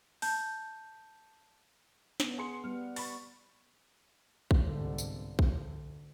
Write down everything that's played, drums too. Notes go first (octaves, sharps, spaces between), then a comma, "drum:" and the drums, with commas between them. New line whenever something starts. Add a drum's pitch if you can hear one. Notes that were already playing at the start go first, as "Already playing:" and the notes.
A5 G6, drum: open hi-hat
B3, drum: snare
G#4 C6 C#7
G3 B3 F6
B5 C#6 A6, drum: open hi-hat
drum: kick
G1 C2 G#2 D3
drum: tambourine
D2, drum: kick